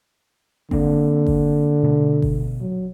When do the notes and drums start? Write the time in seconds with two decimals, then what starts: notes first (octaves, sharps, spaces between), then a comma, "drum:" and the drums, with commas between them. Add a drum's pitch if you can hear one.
0.71 D3 A#3 C4, drum: kick G1
1.27 drum: kick G1
1.83 B2 A3
2.22 drum: kick G1
2.61 F#3